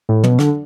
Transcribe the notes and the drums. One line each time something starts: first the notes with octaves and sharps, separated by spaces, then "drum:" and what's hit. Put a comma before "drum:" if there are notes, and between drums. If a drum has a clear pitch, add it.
A2
B2, drum: tom
D3, drum: rim click